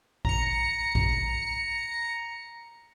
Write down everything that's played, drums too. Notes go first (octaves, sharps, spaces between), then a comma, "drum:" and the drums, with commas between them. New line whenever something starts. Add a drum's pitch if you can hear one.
A#5 C#7, drum: kick
drum: kick